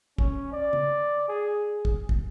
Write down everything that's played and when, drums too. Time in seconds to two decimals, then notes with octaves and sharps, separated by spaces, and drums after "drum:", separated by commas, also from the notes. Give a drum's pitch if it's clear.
0.18 C#4, drum: kick
0.52 D5
0.73 drum: tom
1.28 G#4
1.85 drum: kick
2.09 drum: kick